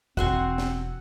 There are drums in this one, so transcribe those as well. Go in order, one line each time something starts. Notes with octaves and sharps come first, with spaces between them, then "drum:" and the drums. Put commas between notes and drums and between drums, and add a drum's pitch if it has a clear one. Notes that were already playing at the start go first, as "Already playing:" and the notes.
E1 C4 F#4 F#5 G#5 C6 C#6, drum: kick
drum: snare